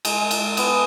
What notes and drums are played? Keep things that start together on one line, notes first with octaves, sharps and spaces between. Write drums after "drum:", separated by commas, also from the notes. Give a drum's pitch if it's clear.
G#3, drum: cymbal
G#3
drum: cymbal
B3, drum: cymbal